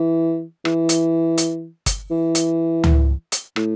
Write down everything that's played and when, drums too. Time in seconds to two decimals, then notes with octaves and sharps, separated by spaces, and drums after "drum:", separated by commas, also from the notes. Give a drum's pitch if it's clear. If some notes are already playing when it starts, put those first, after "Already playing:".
Already playing: E3
0.65 E3, drum: rim click
0.89 drum: hi-hat
1.38 drum: hi-hat
1.86 drum: kick G1, hi-hat
2.11 E3
2.35 drum: hi-hat
2.84 drum: tom C#2
3.32 drum: hi-hat
3.56 A2, drum: rim click